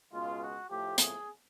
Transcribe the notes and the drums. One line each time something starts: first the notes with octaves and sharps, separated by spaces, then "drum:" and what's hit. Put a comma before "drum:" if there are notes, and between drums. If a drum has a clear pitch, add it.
C#2 B2 G#3 F4
F#4
A2 F3 A3 G4
G#4, drum: hi-hat